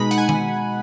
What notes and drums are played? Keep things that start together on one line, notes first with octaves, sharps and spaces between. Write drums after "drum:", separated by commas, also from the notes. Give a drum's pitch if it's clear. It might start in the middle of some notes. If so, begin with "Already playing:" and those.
Already playing: B2 G#3 D#4 B5
F#5, drum: hi-hat
G#5
drum: tom D#3